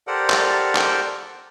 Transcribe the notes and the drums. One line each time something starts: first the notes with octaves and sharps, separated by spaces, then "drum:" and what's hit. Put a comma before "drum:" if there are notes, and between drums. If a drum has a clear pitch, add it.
G4 A4 A#4 C5 D5 F#5
drum: clap
drum: clap